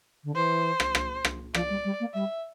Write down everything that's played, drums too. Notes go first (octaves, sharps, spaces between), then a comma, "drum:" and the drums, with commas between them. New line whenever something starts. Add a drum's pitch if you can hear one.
D3
E3 C5
drum: rim click
drum: rim click
drum: rim click
F3 D5, drum: rim click
G3
G3
A#3
G3 E5